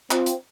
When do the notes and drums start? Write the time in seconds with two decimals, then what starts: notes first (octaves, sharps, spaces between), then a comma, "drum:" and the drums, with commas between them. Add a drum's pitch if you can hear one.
0.11 C4 F4, drum: clap
0.26 drum: hi-hat